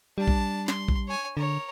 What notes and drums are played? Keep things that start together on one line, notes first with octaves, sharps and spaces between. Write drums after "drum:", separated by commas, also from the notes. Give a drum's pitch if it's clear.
G3 D4 A5
drum: kick
C6, drum: snare
drum: kick
C#5 G#5
D3 A#4 C#5